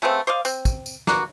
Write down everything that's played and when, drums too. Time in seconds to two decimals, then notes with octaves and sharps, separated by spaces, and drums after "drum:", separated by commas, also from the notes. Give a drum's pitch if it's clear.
0.02 C#3 A3 B3 C4
0.27 C5 D5 D#5 F5
0.45 C4, drum: tambourine
0.65 drum: kick, tambourine
0.86 drum: tambourine
1.07 A#3 B3 F#4, drum: snare